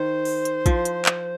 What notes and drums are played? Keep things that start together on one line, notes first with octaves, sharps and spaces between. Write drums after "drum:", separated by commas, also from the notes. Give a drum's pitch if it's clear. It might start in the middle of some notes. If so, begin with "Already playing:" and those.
Already playing: D#3 C5
drum: open hi-hat
drum: hi-hat
F3, drum: kick, hi-hat
drum: hi-hat
drum: clap